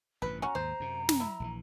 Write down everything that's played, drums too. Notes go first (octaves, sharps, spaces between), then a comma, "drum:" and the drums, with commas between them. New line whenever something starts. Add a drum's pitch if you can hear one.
A1 G2 C3 B4
C#4 F#4 A#5
D#2 G#2 C5
F#2 C3
drum: snare
E4
A#1 C#3 E3